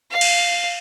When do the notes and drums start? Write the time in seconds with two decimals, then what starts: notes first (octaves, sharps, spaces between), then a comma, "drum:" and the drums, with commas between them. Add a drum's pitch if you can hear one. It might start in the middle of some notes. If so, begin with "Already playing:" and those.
0.12 F5
0.21 drum: cymbal